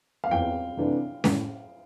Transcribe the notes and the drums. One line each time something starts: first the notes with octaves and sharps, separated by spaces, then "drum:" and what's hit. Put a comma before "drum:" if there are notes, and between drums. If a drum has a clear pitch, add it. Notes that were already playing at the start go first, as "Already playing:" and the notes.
F5
E2 G5
C3 E3 A3 D4
A2, drum: snare C#4